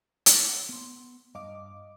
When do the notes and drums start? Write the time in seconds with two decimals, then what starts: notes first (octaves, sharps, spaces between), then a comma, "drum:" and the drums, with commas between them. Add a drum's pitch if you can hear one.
0.26 drum: hi-hat
0.69 B3 C6
1.35 G2 D#5 F5 D6